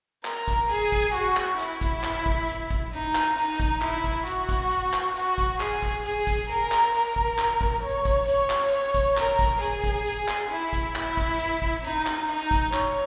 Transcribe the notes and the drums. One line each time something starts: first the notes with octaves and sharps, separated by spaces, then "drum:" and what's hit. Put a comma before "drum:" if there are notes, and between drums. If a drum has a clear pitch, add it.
A#4, drum: clap
drum: kick, hi-hat
G#4, drum: hi-hat
drum: kick, hi-hat
F#4, drum: hi-hat
drum: clap
E4, drum: hi-hat
drum: kick, hi-hat
drum: clap
drum: kick
drum: hi-hat
drum: kick, hi-hat
D#4, drum: hi-hat
drum: clap
D#4, drum: hi-hat
drum: kick, hi-hat
E4, drum: clap
drum: kick, hi-hat
F#4, drum: hi-hat
drum: kick, hi-hat
drum: hi-hat
drum: clap
F#4, drum: hi-hat
drum: kick, hi-hat
G#4, drum: clap
drum: kick, hi-hat
G#4, drum: hi-hat
drum: kick, hi-hat
A#4, drum: hi-hat
drum: clap
A#4, drum: hi-hat
drum: kick
drum: clap
drum: kick, hi-hat
C#5
drum: kick, hi-hat
C#5, drum: hi-hat
drum: clap
C#5, drum: hi-hat
drum: kick, hi-hat
A#4, drum: clap
drum: kick, hi-hat
G#4, drum: hi-hat
drum: kick, hi-hat
drum: hi-hat
drum: clap
E4
drum: kick, hi-hat
E4, drum: clap
drum: kick, hi-hat
drum: hi-hat
drum: kick
D#4, drum: hi-hat
drum: clap
D#4, drum: hi-hat
drum: kick, hi-hat
C#5, drum: clap